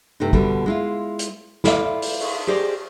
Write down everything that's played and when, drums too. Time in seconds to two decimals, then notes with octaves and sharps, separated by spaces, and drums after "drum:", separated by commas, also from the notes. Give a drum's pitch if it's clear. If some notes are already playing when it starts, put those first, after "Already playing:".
0.20 G2 C3 A3 D#4
0.33 B2 D3 G3, drum: kick
0.66 G#3 E4 F4
1.19 drum: hi-hat
1.64 E4 F4 A4 D5 E5 F5, drum: snare
2.02 drum: open hi-hat
2.21 drum: cymbal
2.47 G4 G#4 C5 D5 D#5